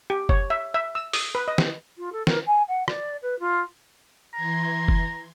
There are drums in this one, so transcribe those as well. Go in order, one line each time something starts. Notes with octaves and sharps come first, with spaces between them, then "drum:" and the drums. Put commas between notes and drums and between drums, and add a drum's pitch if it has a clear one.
G4
C#5, drum: kick F#1
E5
E5
E6
D#6, drum: open hi-hat
B4
D#5
drum: snare
F4
A4
A#4, drum: snare
G#5
F#5
D5, drum: rim click
B4
F4
E3 A#5 C6 G#6
drum: kick F#1